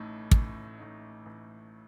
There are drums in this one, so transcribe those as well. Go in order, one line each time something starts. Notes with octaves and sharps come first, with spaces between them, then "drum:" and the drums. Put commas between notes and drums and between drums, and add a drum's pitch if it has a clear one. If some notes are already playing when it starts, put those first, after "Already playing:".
Already playing: A1 A2 A3 D#4
A1, drum: kick
A2 A3 D#4
A1